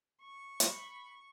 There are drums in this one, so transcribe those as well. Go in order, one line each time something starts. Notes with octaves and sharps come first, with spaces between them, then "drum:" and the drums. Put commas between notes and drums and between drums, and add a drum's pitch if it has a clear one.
C#6
B5, drum: hi-hat